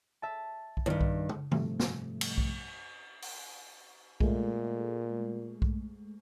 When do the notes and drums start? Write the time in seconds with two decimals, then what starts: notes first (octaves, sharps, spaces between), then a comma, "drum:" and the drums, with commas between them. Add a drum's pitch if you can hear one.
0.22 E5 A5
0.77 drum: kick B1
0.86 E2 G2 D#3
1.01 drum: kick B1
1.29 drum: tom
1.51 G#2 C3 F3 G3 A3, drum: tom D#3
1.80 drum: snare
2.21 drum: cymbal
2.38 drum: kick B1
3.22 drum: open hi-hat
4.21 A#2 G#3 A3, drum: kick B1
5.62 drum: kick B1